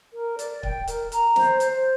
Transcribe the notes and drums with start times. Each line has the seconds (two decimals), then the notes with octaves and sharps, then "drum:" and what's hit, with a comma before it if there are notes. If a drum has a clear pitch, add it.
0.14 A#4
0.39 D5, drum: hi-hat
0.63 G5, drum: kick C#1
0.88 A#4, drum: hi-hat
1.12 A#5, drum: hi-hat
1.36 C5, drum: snare
1.60 C5, drum: hi-hat